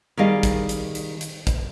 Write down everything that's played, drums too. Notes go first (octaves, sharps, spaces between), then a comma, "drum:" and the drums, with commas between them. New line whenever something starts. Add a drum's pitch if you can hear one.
D#3 G3 G#4 D5 D#5 F5
drum: kick, hi-hat
drum: hi-hat
drum: hi-hat
drum: hi-hat
drum: kick, hi-hat